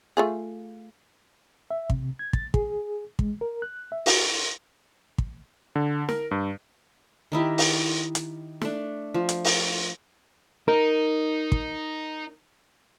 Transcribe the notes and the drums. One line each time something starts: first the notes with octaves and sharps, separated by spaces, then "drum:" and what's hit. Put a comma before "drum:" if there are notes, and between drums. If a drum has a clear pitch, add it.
A3 F4 G#4
E5
C3, drum: kick
G#6
A6, drum: kick
G#4, drum: kick
G#3, drum: kick
A#4
F#6
E5
F#4, drum: open hi-hat
drum: kick
D3
A#4, drum: snare
G2
D#3 D#4 E4 G4
drum: open hi-hat
drum: hi-hat
A3 D4, drum: snare
F3
drum: hi-hat
drum: open hi-hat
D#4 A#4
drum: kick